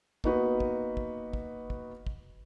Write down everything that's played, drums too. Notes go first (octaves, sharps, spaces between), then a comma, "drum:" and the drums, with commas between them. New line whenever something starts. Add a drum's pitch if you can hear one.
A#3 B3 D#4 F#4 B4, drum: kick
drum: kick
drum: kick
drum: kick
drum: kick
drum: kick